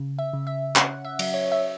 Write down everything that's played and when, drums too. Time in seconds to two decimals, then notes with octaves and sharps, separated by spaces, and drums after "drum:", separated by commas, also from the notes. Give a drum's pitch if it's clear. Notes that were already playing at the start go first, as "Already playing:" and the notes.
Already playing: C#3
0.19 E5
0.33 C#3
0.47 E5
0.76 C#4 F#5, drum: clap
1.05 E5
1.19 F#3, drum: cymbal
1.34 C#5
1.52 E5